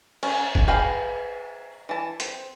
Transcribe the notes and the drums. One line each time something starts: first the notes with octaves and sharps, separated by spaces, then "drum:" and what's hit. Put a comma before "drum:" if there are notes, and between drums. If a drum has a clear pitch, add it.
C#4, drum: cymbal
drum: kick
G#4 B4 D#5 F5 G5
E3 A5
C4, drum: hi-hat